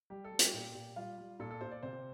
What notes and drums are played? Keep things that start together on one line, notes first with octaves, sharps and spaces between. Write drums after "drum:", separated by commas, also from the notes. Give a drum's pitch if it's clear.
G3 G4
A4
G3
G4, drum: hi-hat
A#2
A#2
G3 F4
G3
A#2 A4
A4
A#2 C5
D5
C3 C5